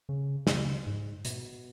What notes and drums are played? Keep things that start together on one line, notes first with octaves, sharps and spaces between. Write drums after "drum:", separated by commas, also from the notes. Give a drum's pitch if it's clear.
C#3
C#3, drum: snare
G#2
B2, drum: hi-hat